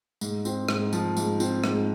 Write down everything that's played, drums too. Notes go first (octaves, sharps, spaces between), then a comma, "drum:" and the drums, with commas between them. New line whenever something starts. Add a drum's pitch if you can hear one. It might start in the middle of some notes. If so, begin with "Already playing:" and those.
G#2, drum: tambourine
C4, drum: tambourine
G#2, drum: rim click
F3, drum: tambourine
G#2, drum: tambourine
C4, drum: tambourine
G#2, drum: rim click